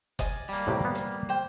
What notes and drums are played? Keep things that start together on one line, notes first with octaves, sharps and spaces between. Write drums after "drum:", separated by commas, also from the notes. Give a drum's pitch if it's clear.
D5 D#5 G#5, drum: kick F#1, hi-hat
G3 A#3
A2 C3 G4
B3
drum: hi-hat
C5 G5